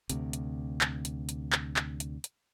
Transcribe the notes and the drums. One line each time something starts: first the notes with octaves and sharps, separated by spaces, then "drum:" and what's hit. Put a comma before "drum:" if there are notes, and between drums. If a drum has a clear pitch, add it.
D2 C3, drum: hi-hat
drum: hi-hat
drum: clap
drum: hi-hat
drum: hi-hat
drum: clap
drum: clap
drum: hi-hat
drum: hi-hat